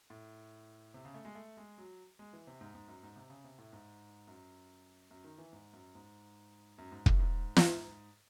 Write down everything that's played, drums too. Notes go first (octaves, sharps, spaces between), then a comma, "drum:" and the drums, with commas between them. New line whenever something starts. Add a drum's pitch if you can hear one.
A2
C3
C#3
A3
G#3
A3
G#3
F#3
G#3
E3
C3
G#2
G#2
F#2
G#2
C3
C#3
C3
A2
G#2
F#2
F#2
D#3
E3
G#2
F#2
G#2
F#2
G#2
A2, drum: kick
G#2
drum: snare